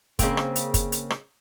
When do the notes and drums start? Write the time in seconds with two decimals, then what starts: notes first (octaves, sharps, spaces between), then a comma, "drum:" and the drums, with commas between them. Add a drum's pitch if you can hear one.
0.19 C#3 A#3 C4, drum: kick, hi-hat
0.37 drum: rim click
0.56 drum: hi-hat
0.74 drum: kick, hi-hat
0.92 drum: hi-hat
1.10 drum: rim click